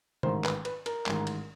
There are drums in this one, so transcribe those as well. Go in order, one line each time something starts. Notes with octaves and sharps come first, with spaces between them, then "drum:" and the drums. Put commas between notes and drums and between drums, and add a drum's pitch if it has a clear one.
A1 G#2 D#3 C5, drum: tom
B4, drum: clap
B4, drum: cymbal
A#4, drum: cymbal
A1 G#2 D#3, drum: clap
drum: cymbal